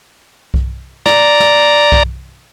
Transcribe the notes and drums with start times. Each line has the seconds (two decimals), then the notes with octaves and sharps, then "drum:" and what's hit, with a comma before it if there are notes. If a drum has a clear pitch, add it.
0.54 drum: kick B1
1.06 D5 A#5, drum: snare
1.40 drum: snare
1.92 drum: kick B1